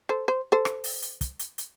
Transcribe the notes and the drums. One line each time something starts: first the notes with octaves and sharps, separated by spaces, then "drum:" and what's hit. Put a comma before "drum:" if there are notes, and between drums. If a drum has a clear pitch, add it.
A4 C5
C5
A4 C5
drum: rim click
drum: open hi-hat
drum: hi-hat
drum: kick, hi-hat
drum: hi-hat
drum: hi-hat